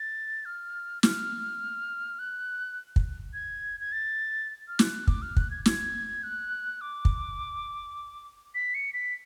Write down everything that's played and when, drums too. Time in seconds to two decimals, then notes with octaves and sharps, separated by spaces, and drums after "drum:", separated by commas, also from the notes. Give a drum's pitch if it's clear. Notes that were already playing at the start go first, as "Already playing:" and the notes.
Already playing: A6
0.45 F6
1.03 F6, drum: snare
2.19 F#6
2.96 drum: kick
3.34 G#6
3.80 G#6
3.92 A6
4.68 F6
4.79 F#6, drum: snare
5.07 D6, drum: kick
5.22 F6
5.36 F#6, drum: kick
5.51 G#6
5.66 G#6, drum: snare
6.23 F#6
6.81 D6
7.05 drum: kick
8.55 B6
8.75 C#7
8.93 B6